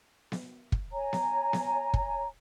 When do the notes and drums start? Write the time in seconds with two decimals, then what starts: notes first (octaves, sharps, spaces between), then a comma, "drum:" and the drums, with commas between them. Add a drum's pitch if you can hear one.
0.32 drum: snare B3
0.72 drum: kick
0.92 C#5 G#5 A#5
1.13 drum: snare B3
1.53 drum: snare B3
1.94 drum: kick